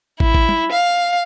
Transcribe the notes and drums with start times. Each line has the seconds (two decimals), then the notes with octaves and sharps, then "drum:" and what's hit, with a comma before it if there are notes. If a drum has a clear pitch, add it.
0.20 E4, drum: kick
0.35 drum: kick
0.49 drum: tom
0.72 F5